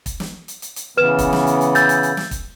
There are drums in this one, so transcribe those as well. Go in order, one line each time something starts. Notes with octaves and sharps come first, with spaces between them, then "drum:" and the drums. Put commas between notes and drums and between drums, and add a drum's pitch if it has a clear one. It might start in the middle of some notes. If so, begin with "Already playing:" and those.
drum: kick, hi-hat
drum: snare
drum: hi-hat
drum: hi-hat
drum: hi-hat
C#3 E3 B3 B4 F6 E7
drum: kick, hi-hat
drum: snare
drum: hi-hat
drum: hi-hat
E6 G6 A6, drum: hi-hat
drum: hi-hat
drum: hi-hat
drum: snare
drum: kick, hi-hat